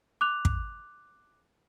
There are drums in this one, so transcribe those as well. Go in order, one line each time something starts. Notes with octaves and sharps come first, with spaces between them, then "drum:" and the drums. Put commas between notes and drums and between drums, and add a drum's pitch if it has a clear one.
D6 F#6 F7
drum: kick